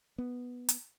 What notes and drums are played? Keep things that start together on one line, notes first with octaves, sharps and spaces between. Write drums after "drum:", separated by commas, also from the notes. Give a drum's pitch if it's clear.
B3
drum: hi-hat